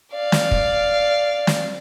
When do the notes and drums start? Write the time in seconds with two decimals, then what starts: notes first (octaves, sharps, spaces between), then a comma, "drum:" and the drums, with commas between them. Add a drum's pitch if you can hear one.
0.13 D5 F5
0.32 drum: snare
0.51 drum: kick
1.47 drum: snare